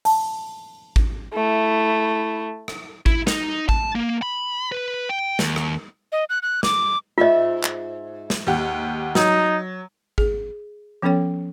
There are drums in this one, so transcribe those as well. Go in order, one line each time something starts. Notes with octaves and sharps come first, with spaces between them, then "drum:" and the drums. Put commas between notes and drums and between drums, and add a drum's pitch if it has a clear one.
A5, drum: open hi-hat
drum: kick G#1
A3 E4
drum: rim click
E4, drum: kick G#1
D#4, drum: snare
A5, drum: kick G#1
A#3
B5
B4
G5
D#2, drum: snare
drum: rim click
D#5
F#6
F#6
D6, drum: snare
G#2 F4 D#5 E5
drum: clap
drum: snare
D#2 G4 F#5
F#3 D#4, drum: snare
G#4, drum: kick G#1
F3 B3 C#4 A4 C#5 G5